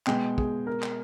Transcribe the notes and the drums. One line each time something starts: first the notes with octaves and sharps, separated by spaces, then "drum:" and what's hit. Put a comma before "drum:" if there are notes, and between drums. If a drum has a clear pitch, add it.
B2 G#3 B3 G5, drum: clap
G#4, drum: kick
A#4
drum: clap